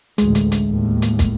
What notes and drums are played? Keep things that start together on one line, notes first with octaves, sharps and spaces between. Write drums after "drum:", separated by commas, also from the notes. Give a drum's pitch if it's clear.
A1 D2 G#3, drum: hi-hat
drum: hi-hat
drum: hi-hat
D#2 A2
drum: hi-hat
drum: kick, hi-hat